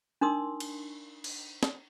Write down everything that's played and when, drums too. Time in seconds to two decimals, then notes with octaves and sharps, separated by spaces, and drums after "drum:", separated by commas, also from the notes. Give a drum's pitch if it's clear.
0.21 D4 D#4 A#4 C6 D#6 E6
0.60 drum: cymbal
1.24 drum: cymbal
1.63 drum: snare